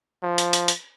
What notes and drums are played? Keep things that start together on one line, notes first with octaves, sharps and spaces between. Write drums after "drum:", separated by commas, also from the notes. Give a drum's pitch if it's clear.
F3
drum: hi-hat
drum: hi-hat
drum: hi-hat